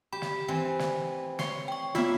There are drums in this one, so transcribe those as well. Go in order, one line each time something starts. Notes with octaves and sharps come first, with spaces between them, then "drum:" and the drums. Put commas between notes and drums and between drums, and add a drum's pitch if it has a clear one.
G4 B5
drum: snare
E3 C4
drum: snare
C#5 C6, drum: snare
G5 C#6
B3 E4 F4 E5 F5, drum: snare